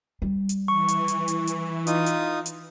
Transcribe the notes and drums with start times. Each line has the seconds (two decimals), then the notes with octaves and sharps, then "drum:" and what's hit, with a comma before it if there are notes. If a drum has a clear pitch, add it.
0.22 G3
0.49 drum: hi-hat
0.68 E3 C#6
0.88 drum: hi-hat
1.08 drum: hi-hat
1.28 drum: hi-hat
1.47 drum: hi-hat
1.87 D#4 F4 D#6, drum: hi-hat
2.06 drum: hi-hat
2.46 drum: hi-hat